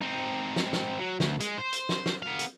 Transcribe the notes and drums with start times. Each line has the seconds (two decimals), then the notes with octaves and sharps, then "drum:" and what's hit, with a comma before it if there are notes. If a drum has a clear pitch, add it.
0.01 C4 D#4
0.56 drum: snare
0.73 drum: snare
0.99 F#3
1.20 D2, drum: snare
1.40 G#3, drum: hi-hat
1.58 C5
1.73 drum: hi-hat
1.89 drum: snare
2.06 drum: snare
2.22 B3 F5
2.39 drum: hi-hat